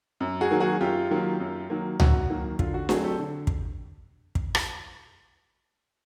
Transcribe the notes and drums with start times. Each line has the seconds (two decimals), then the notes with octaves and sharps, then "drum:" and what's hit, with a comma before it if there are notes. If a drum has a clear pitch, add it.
0.20 F#2
0.41 F#4 G#4
0.51 D#3 F#3 A#3
0.60 F#4 G#4
0.81 F#2 F4 G4
1.11 D#3 F#3 A#3
1.40 F#2
1.70 D#3 F#3 A#3
2.00 F#2 F#4, drum: tom C#2
2.30 D#3 F#3 A#3
2.59 D3 F4, drum: kick
2.74 F#4
2.89 F#3 A3 C4 F#4 G#4, drum: snare D4
3.04 G4 A4
3.19 D3
3.47 drum: kick
4.35 drum: kick
4.55 drum: rim click